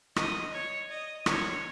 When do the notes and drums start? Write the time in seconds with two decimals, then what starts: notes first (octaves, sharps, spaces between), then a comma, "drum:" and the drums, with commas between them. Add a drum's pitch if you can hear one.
0.16 D#5, drum: rim click
0.53 C#5
0.90 D#5
1.26 C#5, drum: rim click